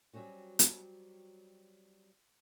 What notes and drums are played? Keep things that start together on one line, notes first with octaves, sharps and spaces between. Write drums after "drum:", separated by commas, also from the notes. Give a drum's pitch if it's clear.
F#3 G3 C4 C#4 F#4
drum: hi-hat